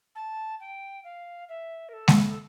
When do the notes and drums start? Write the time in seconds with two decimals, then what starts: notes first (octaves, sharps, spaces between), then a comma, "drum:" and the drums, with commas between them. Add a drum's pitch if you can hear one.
0.15 A5
0.60 G5
1.04 F5
1.48 E5
1.88 A#4
1.93 A4
2.08 drum: snare G#3
2.29 A4